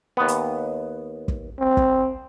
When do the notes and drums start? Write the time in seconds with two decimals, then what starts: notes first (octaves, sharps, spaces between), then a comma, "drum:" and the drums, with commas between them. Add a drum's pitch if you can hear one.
0.17 D#2 B3
0.28 drum: hi-hat
1.28 drum: kick
1.59 C4
1.77 drum: kick